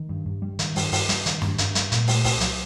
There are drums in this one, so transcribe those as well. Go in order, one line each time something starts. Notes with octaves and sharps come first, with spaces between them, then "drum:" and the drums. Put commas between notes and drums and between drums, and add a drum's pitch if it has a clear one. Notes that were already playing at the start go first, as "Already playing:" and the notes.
Already playing: D#3
G2
G2
G3
D#3, drum: hi-hat
G2, drum: open hi-hat
G2, drum: open hi-hat
G3, drum: hi-hat
D#3, drum: hi-hat
G2, drum: snare
G2, drum: hi-hat
G3, drum: hi-hat
A#2, drum: hi-hat
A3, drum: open hi-hat
C2, drum: open hi-hat
F#3, drum: hi-hat